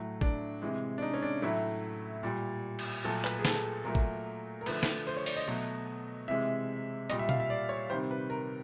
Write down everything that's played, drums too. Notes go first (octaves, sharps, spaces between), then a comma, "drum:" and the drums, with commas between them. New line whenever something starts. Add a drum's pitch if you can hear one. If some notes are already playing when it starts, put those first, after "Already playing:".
Already playing: A2 F#3 A3
D4, drum: kick
C3 E3 G#3
D4
D#4
C#4
D4
A2 F#3 A3 E4
A#2 G3
drum: cymbal
A#2 F#3 A3 A4
B4, drum: clap
G#4
A4, drum: snare
A#2 F#3 A3 A#4
drum: kick
A#4
D3 F3 A3 B4, drum: cymbal
drum: snare
C5
C#5
D5, drum: open hi-hat
D#5
B2 F#3 A3
C3 E3 G#3 E5
A#2 G3 D#5, drum: hi-hat
E5
F5, drum: tom B2
E5
D5
C#5
C3 D#3 G3 C5
B4
A#4